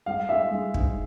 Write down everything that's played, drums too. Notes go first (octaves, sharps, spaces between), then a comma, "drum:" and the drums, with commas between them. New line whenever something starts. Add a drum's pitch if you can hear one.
G#3 F5
G#3 E5
G#3
G#2, drum: kick